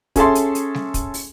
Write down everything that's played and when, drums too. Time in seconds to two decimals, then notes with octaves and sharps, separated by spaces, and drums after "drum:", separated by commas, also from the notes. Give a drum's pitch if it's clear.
0.16 C#4 G#4 A4 E5 A5 C6, drum: kick, hi-hat
0.35 drum: hi-hat
0.55 drum: hi-hat
0.74 drum: snare G3
0.94 drum: kick, hi-hat
1.14 drum: open hi-hat